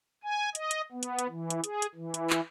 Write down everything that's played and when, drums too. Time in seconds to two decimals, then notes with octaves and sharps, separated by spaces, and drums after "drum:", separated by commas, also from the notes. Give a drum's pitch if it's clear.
0.24 G#5
0.55 D#5, drum: hi-hat
0.71 drum: hi-hat
0.92 B3
1.03 drum: hi-hat
1.19 drum: hi-hat
1.29 E3
1.50 drum: hi-hat
1.64 G#4, drum: hi-hat
1.82 drum: hi-hat
1.95 E3
2.14 drum: hi-hat
2.30 drum: clap